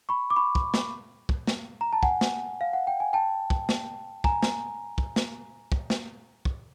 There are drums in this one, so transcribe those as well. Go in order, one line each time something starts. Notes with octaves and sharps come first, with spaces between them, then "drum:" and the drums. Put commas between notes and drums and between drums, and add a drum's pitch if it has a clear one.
B5 C#6
D6
B5 C#6
drum: kick
drum: snare
drum: kick
drum: snare
A#5
A5
F#5 G#5, drum: kick
drum: snare
F5
F#5
G5
G#5
G5 A5
drum: kick
drum: snare
G#5 A#5, drum: kick
drum: snare
drum: kick
drum: snare
drum: kick
drum: snare
drum: kick